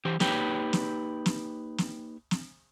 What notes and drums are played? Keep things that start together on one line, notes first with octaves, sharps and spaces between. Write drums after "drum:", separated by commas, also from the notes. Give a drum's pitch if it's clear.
E3 G4 C5
A#3 D#4 G4 B4 C#5 G5, drum: snare
drum: snare
drum: snare
drum: snare
drum: snare